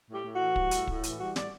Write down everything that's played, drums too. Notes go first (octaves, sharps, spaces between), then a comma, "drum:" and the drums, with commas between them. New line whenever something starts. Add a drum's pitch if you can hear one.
A2 G4
A2
F#4
E3
G3, drum: kick
A2, drum: hi-hat
A2, drum: kick
E3, drum: hi-hat
G3 F#4
A2 D5, drum: snare